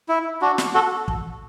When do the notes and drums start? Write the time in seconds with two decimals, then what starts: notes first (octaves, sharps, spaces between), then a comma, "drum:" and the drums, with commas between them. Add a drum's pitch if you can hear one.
0.09 E4
0.42 D4 F#4
0.58 drum: snare
0.74 F#4 A4
1.08 drum: kick